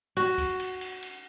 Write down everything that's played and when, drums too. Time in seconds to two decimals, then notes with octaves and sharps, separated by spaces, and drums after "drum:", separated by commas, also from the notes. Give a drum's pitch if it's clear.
0.17 F#4, drum: cymbal
0.38 drum: kick C#2, cymbal
0.60 drum: cymbal
0.81 drum: cymbal
1.03 drum: cymbal